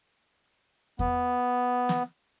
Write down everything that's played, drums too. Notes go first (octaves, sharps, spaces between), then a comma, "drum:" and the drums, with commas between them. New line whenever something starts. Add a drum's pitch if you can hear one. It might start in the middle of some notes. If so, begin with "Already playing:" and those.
B3, drum: kick E2
drum: snare